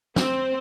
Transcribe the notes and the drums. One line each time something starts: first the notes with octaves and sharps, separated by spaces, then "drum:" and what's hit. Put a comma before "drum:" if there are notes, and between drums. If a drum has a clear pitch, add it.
C4, drum: snare